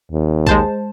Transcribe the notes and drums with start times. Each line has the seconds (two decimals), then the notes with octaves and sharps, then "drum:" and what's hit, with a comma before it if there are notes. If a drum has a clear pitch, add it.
0.12 D#2
0.47 G#3 C5 A5, drum: kick A#1